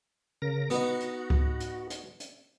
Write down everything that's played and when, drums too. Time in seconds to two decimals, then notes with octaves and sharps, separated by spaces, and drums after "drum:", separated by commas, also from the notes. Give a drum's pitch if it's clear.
0.42 C#3 A#4 A#6
0.70 B3 D#4 F#4, drum: hi-hat
1.00 drum: hi-hat
1.30 drum: kick C#2
1.60 drum: hi-hat
1.90 drum: hi-hat
2.20 drum: hi-hat